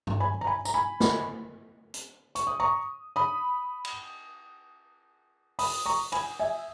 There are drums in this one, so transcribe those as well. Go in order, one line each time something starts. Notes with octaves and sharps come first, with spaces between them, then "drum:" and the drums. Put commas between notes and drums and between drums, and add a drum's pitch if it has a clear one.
drum: tom G2
G#5 B5
A#5
G#5 B5
A#5, drum: tambourine
G#5 B5
drum: snare
drum: hi-hat
C#6, drum: hi-hat
D#6
A#5 C#6
B5 D#6
drum: cymbal
B5 D#6, drum: open hi-hat
A#5 C#6
G#5 B5, drum: cymbal
E5 G#5